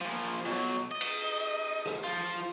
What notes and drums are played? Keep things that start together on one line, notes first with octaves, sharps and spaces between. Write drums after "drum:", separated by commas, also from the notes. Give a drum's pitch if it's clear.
A#2 F3
B2 F#3
D#5
drum: cymbal
drum: rim click
F3 F4